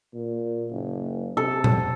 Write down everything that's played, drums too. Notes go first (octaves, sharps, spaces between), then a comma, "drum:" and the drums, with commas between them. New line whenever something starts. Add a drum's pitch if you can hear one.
A#2
F#1
C3 A4
drum: tom A#2